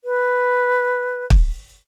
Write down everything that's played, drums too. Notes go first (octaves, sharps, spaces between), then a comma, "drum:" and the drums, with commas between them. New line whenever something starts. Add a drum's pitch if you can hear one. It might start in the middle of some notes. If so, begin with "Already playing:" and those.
B4
drum: kick